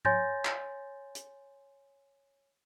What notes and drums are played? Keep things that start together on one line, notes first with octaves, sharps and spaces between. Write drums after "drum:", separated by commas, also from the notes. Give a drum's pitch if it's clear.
C#5 G#5 C6 G6 A6 A#6, drum: tom G#2
drum: clap
drum: hi-hat